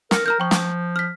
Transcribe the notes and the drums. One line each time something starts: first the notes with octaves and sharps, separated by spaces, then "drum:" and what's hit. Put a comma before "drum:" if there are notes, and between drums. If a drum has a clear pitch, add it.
A#4 F6 C#7, drum: snare
A#4 A#5 F6 G6
F3 G5 C#6
drum: snare
F6 B6